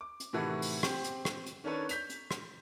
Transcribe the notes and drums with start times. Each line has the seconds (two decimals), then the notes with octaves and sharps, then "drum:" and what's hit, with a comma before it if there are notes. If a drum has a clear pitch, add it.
0.01 D6
0.20 drum: hi-hat
0.33 A2 C3 D#3 E3 F#4 A4
0.62 drum: open hi-hat
0.83 C4 G4, drum: rim click
1.04 drum: hi-hat
1.25 drum: rim click
1.46 drum: hi-hat
1.64 D#3 C#4 D4 A4 B4 C#5
1.89 G6 B6 F7, drum: hi-hat
2.10 drum: hi-hat
2.31 drum: rim click